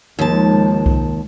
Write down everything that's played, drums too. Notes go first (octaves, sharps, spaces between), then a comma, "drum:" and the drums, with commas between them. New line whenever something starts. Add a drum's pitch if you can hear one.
D#2 D#3 F3 G#3 A5
drum: kick C2